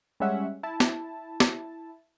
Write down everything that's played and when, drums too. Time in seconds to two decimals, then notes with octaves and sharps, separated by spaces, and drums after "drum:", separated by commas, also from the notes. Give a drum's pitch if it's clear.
0.20 G3 G#3 C#4 E5 F#5
0.63 E4 A5
0.80 drum: snare
1.40 drum: snare